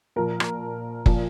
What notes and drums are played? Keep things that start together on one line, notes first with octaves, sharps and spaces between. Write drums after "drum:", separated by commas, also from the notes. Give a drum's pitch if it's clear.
A#2 F3 A#4
drum: rim click
A#2 F3, drum: kick F#1